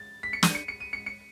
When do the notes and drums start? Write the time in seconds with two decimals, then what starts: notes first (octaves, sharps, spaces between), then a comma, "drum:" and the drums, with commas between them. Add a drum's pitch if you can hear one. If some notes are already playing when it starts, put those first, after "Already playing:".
Already playing: A6
0.23 B6
0.33 C#7
0.43 D#7, drum: snare
0.55 C#7
0.68 C#7
0.80 D#7
0.93 C#7
1.06 C#7